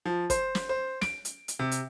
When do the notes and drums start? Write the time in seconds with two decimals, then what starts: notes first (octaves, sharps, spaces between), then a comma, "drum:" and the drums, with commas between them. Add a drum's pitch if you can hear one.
0.05 F3
0.30 C5, drum: kick, hi-hat
0.55 drum: snare
0.69 C5
1.01 D7, drum: snare
1.25 drum: hi-hat
1.48 drum: hi-hat
1.59 C3
1.71 drum: hi-hat